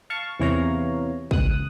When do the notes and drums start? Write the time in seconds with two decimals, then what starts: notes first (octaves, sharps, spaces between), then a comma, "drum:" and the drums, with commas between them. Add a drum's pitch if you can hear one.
0.10 F5 A5 C#6
0.39 E2 C3 E3 C#5 F5 A#5
1.31 C#2 D#6 F#6, drum: kick